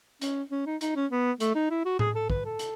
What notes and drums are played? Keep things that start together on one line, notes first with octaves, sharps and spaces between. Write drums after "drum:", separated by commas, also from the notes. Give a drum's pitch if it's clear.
C#4, drum: hi-hat
C#4
D#4
D#4, drum: hi-hat
C#4
B3
A3, drum: hi-hat
D#4
E4
F#4
G#4, drum: tom A2
A4
B4, drum: kick
A4
drum: hi-hat